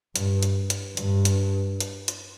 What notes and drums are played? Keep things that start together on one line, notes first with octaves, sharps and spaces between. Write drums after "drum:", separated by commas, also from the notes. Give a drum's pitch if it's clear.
G2, drum: hi-hat
drum: hi-hat
drum: hi-hat
G2, drum: hi-hat
drum: hi-hat
drum: hi-hat
drum: hi-hat